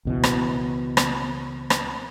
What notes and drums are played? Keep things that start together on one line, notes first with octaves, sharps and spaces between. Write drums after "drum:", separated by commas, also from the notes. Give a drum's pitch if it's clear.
C#2 B2 E3
drum: rim click
drum: rim click
drum: rim click